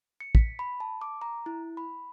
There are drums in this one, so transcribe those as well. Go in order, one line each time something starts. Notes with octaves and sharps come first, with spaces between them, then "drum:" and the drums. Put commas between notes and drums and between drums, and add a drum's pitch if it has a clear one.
C#7
B6, drum: kick
B5
A5
D6
A#5
E4
B5